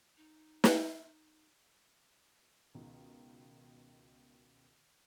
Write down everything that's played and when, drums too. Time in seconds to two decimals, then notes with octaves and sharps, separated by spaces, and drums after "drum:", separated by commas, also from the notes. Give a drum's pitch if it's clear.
0.17 D#4
0.64 drum: snare
2.75 C#2 B2 D#3